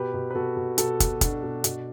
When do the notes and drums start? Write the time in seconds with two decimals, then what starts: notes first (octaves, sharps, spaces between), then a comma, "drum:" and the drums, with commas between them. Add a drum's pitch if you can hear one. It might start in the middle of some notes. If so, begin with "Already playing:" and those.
Already playing: B2 G4 B4
0.14 B2
0.30 B4
0.35 B2 F#4 A4
0.57 B2
0.78 B2 F#4 A4, drum: hi-hat
1.00 B2, drum: kick, hi-hat
1.21 B2 D4 F#4, drum: kick, hi-hat
1.43 B2
1.64 B2, drum: hi-hat